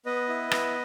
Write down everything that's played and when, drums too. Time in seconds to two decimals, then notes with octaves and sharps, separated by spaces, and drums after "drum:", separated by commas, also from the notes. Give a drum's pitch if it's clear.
0.06 B3 B4 D#5
0.28 E4
0.51 B3, drum: rim click